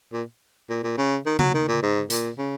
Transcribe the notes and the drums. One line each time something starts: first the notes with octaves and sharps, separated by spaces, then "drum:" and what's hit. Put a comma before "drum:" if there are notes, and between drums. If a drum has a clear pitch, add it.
A#2
A#2
A#2
C#3
D#3
F#3, drum: tom C#3
D#3
A#2
G#2
A#2, drum: hi-hat
C#3